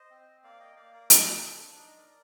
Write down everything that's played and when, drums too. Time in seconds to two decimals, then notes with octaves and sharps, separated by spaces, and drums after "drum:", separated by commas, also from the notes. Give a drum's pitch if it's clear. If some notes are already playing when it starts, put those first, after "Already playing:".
Already playing: C5 D#5
0.11 C4
0.43 A#3 D5 F5
0.60 D#5 G5
0.76 A#3 D5 F5
0.94 A#4 D5
1.10 D4 A4 C5, drum: hi-hat
1.43 D4
1.76 D#4 D5
1.87 D#5
1.98 A#4 D5